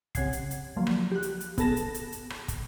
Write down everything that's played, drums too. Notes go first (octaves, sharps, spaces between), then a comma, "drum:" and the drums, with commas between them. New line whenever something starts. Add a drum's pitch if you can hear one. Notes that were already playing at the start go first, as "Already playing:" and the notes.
C2 C#3 F#5 G#6 C7, drum: kick, hi-hat
drum: hi-hat
drum: hi-hat
D3 F3 F#3 A#3
drum: rim click
G4 F#6
drum: hi-hat
drum: hi-hat
B3 G#4 A4 A5 A#6 E7, drum: kick, hi-hat
drum: hi-hat
drum: hi-hat
drum: hi-hat
drum: rim click
drum: kick, hi-hat